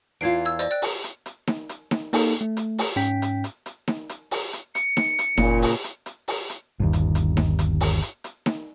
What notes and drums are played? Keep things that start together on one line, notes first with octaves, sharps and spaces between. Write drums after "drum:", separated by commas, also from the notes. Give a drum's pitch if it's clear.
E2 E4 F4 G#6 C7 D7
E6 G#6
C5 D5 D#5, drum: hi-hat
D5 G5 F#6
drum: open hi-hat
drum: hi-hat
drum: hi-hat
drum: snare D#4
drum: hi-hat
drum: snare D#4
A#3 D#4 A4, drum: open hi-hat
A3
drum: hi-hat
drum: open hi-hat
G#2 C#4 G5 B6
drum: hi-hat
drum: hi-hat
drum: hi-hat
drum: snare D#4
drum: hi-hat
drum: open hi-hat
drum: hi-hat
C#7, drum: hi-hat
drum: snare D#4
drum: hi-hat
F#1 A#2 C#3, drum: snare D#4
drum: open hi-hat
drum: hi-hat
drum: hi-hat
drum: open hi-hat
drum: hi-hat
G1 D#2
drum: hi-hat
drum: hi-hat
drum: snare D#4
drum: hi-hat
drum: open hi-hat
drum: hi-hat
drum: hi-hat
drum: snare D#4